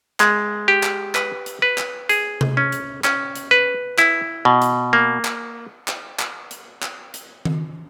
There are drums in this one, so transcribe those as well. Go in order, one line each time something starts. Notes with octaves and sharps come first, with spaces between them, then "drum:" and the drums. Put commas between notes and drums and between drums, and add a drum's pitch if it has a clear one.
G#3, drum: clap
G4
drum: clap
B4, drum: clap
drum: hi-hat
B4
drum: clap
G#4, drum: hi-hat
drum: tom C3
C#4
drum: hi-hat
C#4, drum: clap
drum: hi-hat
B4
E4, drum: clap
B2
drum: hi-hat
A#3
drum: clap
drum: clap
drum: clap
drum: hi-hat
drum: clap
drum: hi-hat
drum: tom D#3